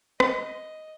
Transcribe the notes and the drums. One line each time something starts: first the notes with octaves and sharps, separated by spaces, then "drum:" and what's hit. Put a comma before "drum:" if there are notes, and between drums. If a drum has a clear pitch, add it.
D#5, drum: rim click